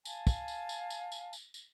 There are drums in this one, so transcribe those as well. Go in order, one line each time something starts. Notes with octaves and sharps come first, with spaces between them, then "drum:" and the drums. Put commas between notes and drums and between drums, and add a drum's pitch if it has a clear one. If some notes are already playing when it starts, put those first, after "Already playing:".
F5 G#5 A5, drum: tambourine
drum: kick, tambourine
drum: tambourine
drum: tambourine
drum: tambourine
drum: tambourine
drum: tambourine
drum: tambourine